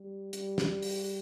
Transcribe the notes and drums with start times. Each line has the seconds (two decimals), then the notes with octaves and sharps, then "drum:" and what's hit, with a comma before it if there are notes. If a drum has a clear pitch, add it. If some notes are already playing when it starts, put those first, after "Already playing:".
Already playing: G3
0.33 G3, drum: hi-hat
0.58 drum: snare
0.82 drum: open hi-hat